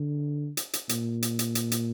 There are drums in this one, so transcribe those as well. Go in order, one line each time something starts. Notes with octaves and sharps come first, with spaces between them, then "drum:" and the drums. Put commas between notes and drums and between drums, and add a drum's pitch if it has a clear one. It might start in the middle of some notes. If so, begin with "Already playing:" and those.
Already playing: D3
drum: hi-hat
drum: hi-hat
A#2, drum: hi-hat
drum: hi-hat
drum: hi-hat
drum: hi-hat
drum: hi-hat